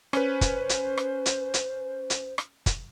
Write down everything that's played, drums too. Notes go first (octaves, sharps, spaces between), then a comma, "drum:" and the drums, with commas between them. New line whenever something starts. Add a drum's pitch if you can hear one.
C#4 B4 C5, drum: rim click
drum: kick, hi-hat
drum: hi-hat
drum: rim click
drum: hi-hat
drum: hi-hat
drum: hi-hat
drum: rim click
drum: kick, hi-hat